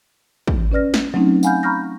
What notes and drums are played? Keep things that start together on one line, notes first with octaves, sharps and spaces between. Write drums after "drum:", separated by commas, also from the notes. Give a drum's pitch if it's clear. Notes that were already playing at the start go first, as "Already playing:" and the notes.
drum: kick
C#4 B4 D5 F6 A#6
drum: snare
F#3 A3 C4 C#4 D#4
F5 F#5 G#5 B5 F6 G6, drum: tambourine
A#5 B5 C#6 F6 G6 A#6